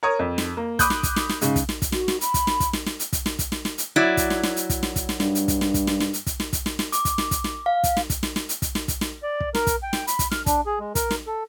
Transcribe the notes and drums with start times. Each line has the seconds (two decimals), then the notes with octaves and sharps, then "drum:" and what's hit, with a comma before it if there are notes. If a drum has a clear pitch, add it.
0.03 A#4 C#5 D#6
0.19 F2
0.38 drum: snare
0.57 A#3
0.79 B5 D6 D#6 F#6 G6, drum: kick, hi-hat
0.90 drum: snare
1.03 drum: kick, hi-hat
1.16 drum: snare
1.29 drum: snare
1.41 G#2 C#3, drum: hi-hat
1.56 drum: kick, hi-hat
1.69 drum: snare
1.82 drum: kick, hi-hat
1.92 F#4, drum: snare
2.08 drum: snare
2.21 B5, drum: hi-hat
2.34 drum: kick, hi-hat
2.47 drum: snare
2.60 drum: kick, hi-hat
2.73 drum: snare
2.86 drum: snare
2.99 drum: hi-hat
3.13 drum: kick, hi-hat
3.26 drum: snare
3.39 drum: kick, hi-hat
3.52 drum: snare
3.65 drum: snare
3.78 drum: hi-hat
3.96 F#3 E4 D5
4.17 drum: kick, hi-hat
4.30 drum: snare
4.43 drum: snare
4.56 drum: hi-hat
4.70 drum: kick, hi-hat
4.83 drum: snare
4.96 drum: kick, hi-hat
5.09 drum: snare
5.20 G2, drum: snare
5.35 drum: hi-hat
5.48 drum: kick, hi-hat
5.61 drum: snare
5.74 drum: kick, hi-hat
5.87 drum: snare
6.00 drum: snare
6.13 drum: hi-hat
6.27 drum: kick, hi-hat
6.40 drum: snare
6.53 drum: kick, hi-hat
6.66 drum: snare
6.79 drum: snare
6.92 D6, drum: hi-hat
7.05 drum: kick, hi-hat
7.18 drum: snare
7.31 drum: kick, hi-hat
7.44 drum: snare
7.66 F5
7.84 drum: kick, hi-hat
7.97 drum: snare
8.10 drum: kick, hi-hat
8.23 drum: snare
8.36 drum: snare
8.49 drum: hi-hat
8.62 drum: kick, hi-hat
8.75 drum: snare
8.88 drum: kick, hi-hat
9.01 drum: snare
9.23 D5
9.40 drum: kick
9.55 A#4, drum: snare
9.67 drum: kick, hi-hat
9.83 G5
9.93 drum: snare
10.07 B5, drum: hi-hat
10.19 drum: kick, hi-hat
10.31 F6, drum: snare
10.46 D4, drum: kick, hi-hat
10.66 G#4
10.80 G#3
10.95 A#4, drum: kick, hi-hat
11.11 drum: snare
11.27 A4